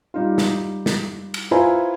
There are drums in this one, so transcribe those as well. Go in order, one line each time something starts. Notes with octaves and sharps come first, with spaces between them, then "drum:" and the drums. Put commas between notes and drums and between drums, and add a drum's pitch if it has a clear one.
G3 D#4 F4
drum: snare
drum: snare
drum: cymbal
E4 F4 B4 C5 G#5 A#5